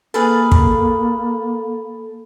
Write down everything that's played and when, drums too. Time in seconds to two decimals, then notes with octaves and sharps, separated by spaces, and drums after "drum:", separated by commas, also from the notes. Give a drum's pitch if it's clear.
0.14 A#3 G#4 A4 B4 F5
0.52 drum: kick